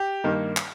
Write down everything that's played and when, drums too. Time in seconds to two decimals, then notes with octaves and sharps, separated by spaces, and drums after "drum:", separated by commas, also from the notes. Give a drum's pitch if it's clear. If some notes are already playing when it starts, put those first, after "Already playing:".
Already playing: G4
0.24 G2 D#3 A#3 D#4
0.57 drum: clap